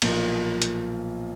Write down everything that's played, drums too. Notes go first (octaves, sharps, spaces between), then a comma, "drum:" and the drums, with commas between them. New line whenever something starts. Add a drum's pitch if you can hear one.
B1 A#2 F3 A#3, drum: cymbal
drum: hi-hat